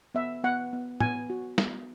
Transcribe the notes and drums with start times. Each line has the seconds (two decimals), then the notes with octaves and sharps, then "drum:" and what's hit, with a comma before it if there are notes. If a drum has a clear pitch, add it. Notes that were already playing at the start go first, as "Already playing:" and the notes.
0.15 B3 E5
0.44 B3 F#5
0.73 B3
1.00 B3 G#5, drum: tom
1.30 F#4
1.58 B3, drum: snare